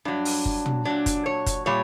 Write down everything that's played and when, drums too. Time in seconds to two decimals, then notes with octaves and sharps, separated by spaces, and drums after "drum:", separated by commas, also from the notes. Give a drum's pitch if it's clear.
0.05 G2 F#3 D4
0.25 drum: open hi-hat
0.45 drum: kick
0.66 drum: tom
0.85 A#2 F#3 D4
1.06 drum: kick, hi-hat
1.26 C#5
1.46 drum: kick, hi-hat
1.66 A#2 G3 C#5